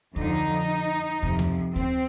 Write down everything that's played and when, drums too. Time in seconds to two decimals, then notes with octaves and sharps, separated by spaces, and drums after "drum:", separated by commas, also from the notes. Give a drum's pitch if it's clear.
0.16 F2 D3 F3 D#4, drum: kick D2
1.23 F2 C3 F3, drum: kick D2
1.39 drum: tom
1.76 C4, drum: kick D2